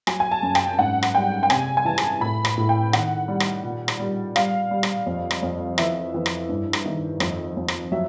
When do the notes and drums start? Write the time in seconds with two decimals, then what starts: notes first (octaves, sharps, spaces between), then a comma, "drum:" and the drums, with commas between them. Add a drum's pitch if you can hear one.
0.07 F#3 G#5, drum: rim click
0.20 G#5
0.31 A5
0.43 F#2
0.55 G5, drum: rim click
0.79 G#2 F#5
1.03 drum: rim click
1.15 G3 G5
1.43 G5
1.50 C3 G#5, drum: rim click
1.77 G#5
1.85 E3 A5
1.98 drum: rim click
2.21 A2 B5
2.45 B5, drum: rim click
2.57 A2
2.69 G5
2.93 D#3 F#5, drum: rim click
3.28 G3
3.40 drum: rim click
3.64 A#2
3.88 drum: rim click
3.99 G3
4.36 G3 F5, drum: rim click
4.71 G3
4.83 drum: rim click
5.06 F2
5.31 drum: rim click
5.43 F2
5.78 E3 E5, drum: rim click
6.14 E3
6.26 drum: rim click
6.49 G2
6.73 drum: rim click
6.86 D#3
7.20 F2, drum: rim click
7.57 F2
7.68 drum: rim click
7.92 F#3 E5